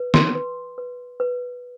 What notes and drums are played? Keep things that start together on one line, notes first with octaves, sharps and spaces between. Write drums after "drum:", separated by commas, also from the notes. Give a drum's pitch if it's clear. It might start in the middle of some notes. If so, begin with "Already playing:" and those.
Already playing: B4
C6, drum: snare
B4
B4
B4